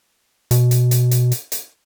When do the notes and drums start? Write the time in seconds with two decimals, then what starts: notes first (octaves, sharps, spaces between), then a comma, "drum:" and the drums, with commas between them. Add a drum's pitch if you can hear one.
0.51 B2, drum: hi-hat
0.71 drum: hi-hat
0.91 drum: hi-hat
1.11 drum: hi-hat
1.32 drum: hi-hat
1.52 drum: hi-hat